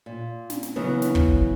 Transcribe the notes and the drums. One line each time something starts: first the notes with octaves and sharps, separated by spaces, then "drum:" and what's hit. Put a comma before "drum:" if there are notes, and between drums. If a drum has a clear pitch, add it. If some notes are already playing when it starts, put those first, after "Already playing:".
A#2
drum: snare
drum: snare
C#3 E3 F#3 B3
drum: snare
drum: kick